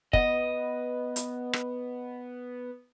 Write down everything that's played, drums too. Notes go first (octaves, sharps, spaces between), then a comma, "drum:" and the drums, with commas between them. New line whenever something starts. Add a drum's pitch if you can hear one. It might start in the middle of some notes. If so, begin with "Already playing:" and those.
B3 D#5, drum: kick
drum: hi-hat
drum: rim click